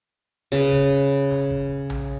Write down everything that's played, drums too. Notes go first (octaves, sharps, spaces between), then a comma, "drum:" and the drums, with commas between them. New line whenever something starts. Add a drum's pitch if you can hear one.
C#3 B4, drum: snare
drum: kick
drum: snare
drum: kick
drum: tom A#1